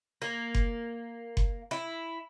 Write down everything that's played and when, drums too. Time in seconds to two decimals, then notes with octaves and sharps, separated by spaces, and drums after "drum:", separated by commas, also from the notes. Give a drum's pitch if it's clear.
0.22 A#3
0.55 drum: kick F#1
1.37 drum: kick F#1
1.71 E4